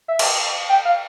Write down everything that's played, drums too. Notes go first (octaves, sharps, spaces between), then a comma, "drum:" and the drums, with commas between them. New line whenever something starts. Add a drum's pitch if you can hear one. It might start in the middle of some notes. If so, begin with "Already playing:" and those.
E5
drum: cymbal
G5
F5